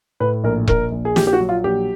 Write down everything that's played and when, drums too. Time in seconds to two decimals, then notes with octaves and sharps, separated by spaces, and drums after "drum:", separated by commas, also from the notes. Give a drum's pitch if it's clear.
0.20 A2 B4
0.44 A#1 A#4
0.68 A#1 A#4, drum: kick E1
0.92 A#1
1.05 G#4
1.16 A#1 G4, drum: snare
1.27 G4
1.33 F#4
1.40 F#3
1.49 F4
1.64 A#1 G4